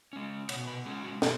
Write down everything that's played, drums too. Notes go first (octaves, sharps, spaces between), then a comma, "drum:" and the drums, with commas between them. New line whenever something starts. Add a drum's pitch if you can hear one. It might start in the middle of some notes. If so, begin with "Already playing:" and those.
G#3 C#4
B2 C#5, drum: cymbal
B4
G#3 C#4 G#4
F#4
B2, drum: snare